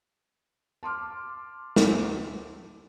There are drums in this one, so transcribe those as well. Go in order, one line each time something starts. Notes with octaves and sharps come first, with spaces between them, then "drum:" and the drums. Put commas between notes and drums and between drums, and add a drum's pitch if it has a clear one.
A5 C6 D6 F6
drum: snare